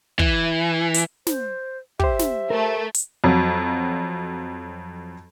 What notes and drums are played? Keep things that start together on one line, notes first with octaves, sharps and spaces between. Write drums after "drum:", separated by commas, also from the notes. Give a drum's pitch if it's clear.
E3, drum: kick
drum: hi-hat
C5, drum: snare
G4 C5 E5, drum: kick
drum: snare
A3 A#4
drum: hi-hat
F2 F#3